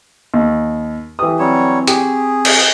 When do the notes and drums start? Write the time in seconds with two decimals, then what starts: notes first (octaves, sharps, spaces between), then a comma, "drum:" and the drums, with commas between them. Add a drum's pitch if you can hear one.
0.34 D#2
1.19 E3 G4 B4 G5 D#6
1.39 F#3 G3 C4 C#5 C#6 E6
1.88 G4 G#4, drum: hi-hat
2.45 drum: cymbal